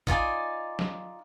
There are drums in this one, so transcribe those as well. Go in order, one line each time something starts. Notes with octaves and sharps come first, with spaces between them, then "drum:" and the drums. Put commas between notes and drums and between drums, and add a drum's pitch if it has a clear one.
D#4 F4 D5 G#5, drum: kick
drum: snare